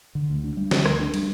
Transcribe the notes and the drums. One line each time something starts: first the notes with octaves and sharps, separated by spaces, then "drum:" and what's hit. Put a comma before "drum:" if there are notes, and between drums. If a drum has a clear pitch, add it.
D3
D2
D4
G3
D3, drum: snare
D2, drum: rim click
D4
G3, drum: cymbal